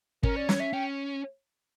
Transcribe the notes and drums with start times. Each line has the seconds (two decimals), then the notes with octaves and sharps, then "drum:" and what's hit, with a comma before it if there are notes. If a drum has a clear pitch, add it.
0.23 C#4 A#4, drum: kick
0.36 D5
0.49 C#5, drum: snare
0.60 E5
0.73 C#4 G5